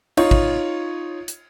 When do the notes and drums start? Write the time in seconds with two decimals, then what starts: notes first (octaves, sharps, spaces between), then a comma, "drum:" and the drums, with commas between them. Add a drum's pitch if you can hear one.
0.17 D#4 F4 C#5, drum: cymbal
0.31 drum: kick A1
1.28 drum: hi-hat